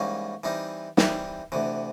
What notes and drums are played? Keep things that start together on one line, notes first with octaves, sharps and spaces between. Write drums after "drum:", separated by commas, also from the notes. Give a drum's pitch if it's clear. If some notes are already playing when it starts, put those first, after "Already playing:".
Already playing: G#2 E3 G3 A#3 C#4
E3 G3 C4 D#4
E3 G3 C4 D#4, drum: snare
D2 C3 E3